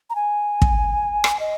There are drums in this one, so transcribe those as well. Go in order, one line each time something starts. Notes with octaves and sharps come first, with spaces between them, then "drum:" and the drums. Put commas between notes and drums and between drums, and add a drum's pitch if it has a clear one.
A#5
G#5
drum: kick
drum: rim click
D#5